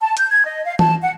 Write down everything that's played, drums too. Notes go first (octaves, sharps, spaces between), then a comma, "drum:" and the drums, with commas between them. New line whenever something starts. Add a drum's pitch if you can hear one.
A5
G6, drum: hi-hat
G#6
D#5
F5
A5, drum: tom E3
F#5